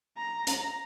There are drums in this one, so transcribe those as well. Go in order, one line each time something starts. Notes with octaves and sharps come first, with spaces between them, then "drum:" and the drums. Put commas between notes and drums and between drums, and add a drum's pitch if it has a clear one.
A#5
A#5, drum: hi-hat